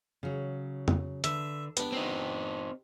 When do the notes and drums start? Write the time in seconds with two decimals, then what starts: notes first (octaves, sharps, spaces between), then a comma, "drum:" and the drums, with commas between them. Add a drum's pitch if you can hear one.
0.23 C#3 F#3
0.88 drum: tom F2
1.24 D3 B4 E5, drum: hi-hat
1.77 B3 D4 G4, drum: hi-hat
1.92 C4 D#4